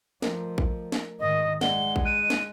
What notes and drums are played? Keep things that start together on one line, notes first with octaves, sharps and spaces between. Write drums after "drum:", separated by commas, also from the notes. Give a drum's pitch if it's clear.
F3 A3 A#4, drum: snare
drum: kick A1
drum: snare
G#2 D#3 D#5
G#3 D#4 D5 F#5 G7, drum: snare
drum: kick A1
F#6 D7 D#7
drum: snare